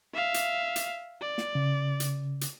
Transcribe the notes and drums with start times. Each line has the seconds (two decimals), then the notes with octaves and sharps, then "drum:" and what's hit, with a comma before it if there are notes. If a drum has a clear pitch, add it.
0.14 E5 F5
0.34 drum: hi-hat
0.76 drum: hi-hat
1.21 D5
1.38 drum: snare
1.55 C#3
2.00 drum: hi-hat
2.41 drum: hi-hat